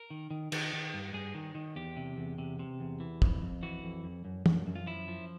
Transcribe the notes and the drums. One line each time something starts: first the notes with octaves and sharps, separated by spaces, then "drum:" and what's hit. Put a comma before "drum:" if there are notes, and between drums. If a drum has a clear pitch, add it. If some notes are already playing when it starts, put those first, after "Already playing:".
Already playing: A#4
D#3
D#3
D#3, drum: cymbal
D#3
G2
G2 G#4
D#3
D#3
E2 G4
C3
E2
C3
C3
E2
E3
F2, drum: kick
F2
E3 F#4
F2
F2
F#2
F#2, drum: tom
F#2
F4
F3 E4
F3